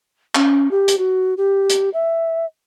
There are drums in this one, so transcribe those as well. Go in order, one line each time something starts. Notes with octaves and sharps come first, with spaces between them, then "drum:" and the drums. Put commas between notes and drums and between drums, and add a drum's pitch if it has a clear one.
C#4, drum: clap
G4
drum: hi-hat
F#4
G4
drum: hi-hat
E5